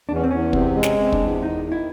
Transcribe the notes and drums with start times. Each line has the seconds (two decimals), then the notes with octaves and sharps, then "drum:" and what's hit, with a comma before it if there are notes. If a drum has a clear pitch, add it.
0.09 E2 D4
0.16 C#4
0.24 C4
0.30 E2 C#4
0.53 C3 C4, drum: kick
0.75 G#3
0.83 C#4, drum: snare
0.97 C3
1.12 D4, drum: kick
1.20 E2
1.42 D#3 D#4
1.65 D#3
1.72 E4